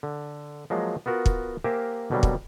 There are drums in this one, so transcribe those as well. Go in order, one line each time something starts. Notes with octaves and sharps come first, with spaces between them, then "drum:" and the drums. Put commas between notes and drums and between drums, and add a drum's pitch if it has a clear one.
D3
F3 F#3 G#3 A#3
B3 F4 F#4 A#4
drum: kick
A#3 G4 A#4 C5 E5 G#5
B2 D3 F#3 G3 A#3
drum: kick